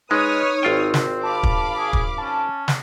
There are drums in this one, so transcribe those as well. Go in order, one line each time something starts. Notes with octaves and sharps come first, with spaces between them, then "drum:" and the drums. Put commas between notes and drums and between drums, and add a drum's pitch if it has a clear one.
G#3 D#4 B4 C#5 D#6 F6
G#1 C4 F4 G5
drum: snare
F5 A5 B5 D6
drum: kick
G#4
drum: kick
C#4 A5
drum: snare